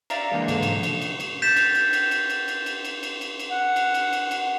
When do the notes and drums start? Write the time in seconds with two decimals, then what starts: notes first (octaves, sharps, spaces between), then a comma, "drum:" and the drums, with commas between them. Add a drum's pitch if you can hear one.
0.10 D5 E5 F5 A#5, drum: cymbal
0.31 C#3 E3 G#3 A#3 D4 D#4
0.48 G#2 D3 G#3, drum: cymbal
0.63 C3 F3, drum: cymbal
0.83 drum: cymbal
1.02 drum: cymbal
1.20 drum: cymbal
1.42 G6 A6 B6 E7
1.56 drum: cymbal
1.75 drum: cymbal
1.93 drum: cymbal
2.11 drum: cymbal
2.30 drum: cymbal
2.48 drum: cymbal
2.66 drum: cymbal
2.85 drum: cymbal
3.03 drum: cymbal
3.21 drum: cymbal
3.39 drum: cymbal
3.51 F#5
3.76 drum: cymbal
3.94 drum: cymbal
4.13 drum: cymbal
4.31 drum: cymbal